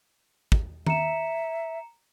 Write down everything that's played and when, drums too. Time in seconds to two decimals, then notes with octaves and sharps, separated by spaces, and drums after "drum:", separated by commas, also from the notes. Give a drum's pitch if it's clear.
0.52 drum: kick
0.87 E5 A#5 C#7 E7, drum: tom D#3